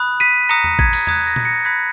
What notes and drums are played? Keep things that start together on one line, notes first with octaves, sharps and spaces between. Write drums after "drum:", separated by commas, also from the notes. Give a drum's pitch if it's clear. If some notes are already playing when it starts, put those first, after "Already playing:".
Already playing: B5 D#6 F#6
B6 D#7
A#5 D#6 F#6 A#6 C#7
drum: tom E2
G#6 B6, drum: kick A1
drum: cymbal
A#5 D#6 F#6 G#6, drum: tom E2
A#6
drum: tom A#2
A#6 C#7
B5 D#6 F#6 G#6 B6